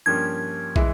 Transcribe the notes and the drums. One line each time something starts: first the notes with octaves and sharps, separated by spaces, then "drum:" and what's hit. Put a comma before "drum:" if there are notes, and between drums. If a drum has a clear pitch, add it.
G2 F3 A#3 C#4 G4 G#6
E3 G#3 E4, drum: kick